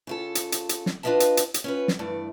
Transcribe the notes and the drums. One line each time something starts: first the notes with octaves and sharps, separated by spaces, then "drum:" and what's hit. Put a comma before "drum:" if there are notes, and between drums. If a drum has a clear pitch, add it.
C#3 F4 A4
drum: hi-hat
drum: hi-hat
drum: hi-hat
drum: snare
D4 F4 B4 D#5 F5 A5
drum: hi-hat
drum: hi-hat
drum: hi-hat
C#4 F4 B4
drum: snare
G2 E3 A3 D5